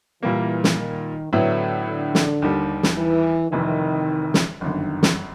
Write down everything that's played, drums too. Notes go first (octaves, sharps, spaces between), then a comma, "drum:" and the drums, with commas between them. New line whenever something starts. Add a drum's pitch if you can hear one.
A#2 E3 G3 A#3
drum: snare
D#3
A2 D3 F#3 B3 E4
D3
drum: snare
D#2 D#3 G3
drum: snare
E3
F1 F2 C3 D#3 E3
drum: snare
G1 F#2 D3 D#3
drum: snare